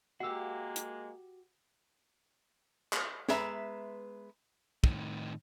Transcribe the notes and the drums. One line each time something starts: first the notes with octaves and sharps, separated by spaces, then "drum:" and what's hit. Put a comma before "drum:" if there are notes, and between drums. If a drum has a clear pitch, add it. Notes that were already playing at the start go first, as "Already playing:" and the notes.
G#3 A#3 F#4 G4 F#5 E6
drum: hi-hat
drum: clap
G#3 B3 B4 E5 A#5, drum: snare
A2 D#3, drum: kick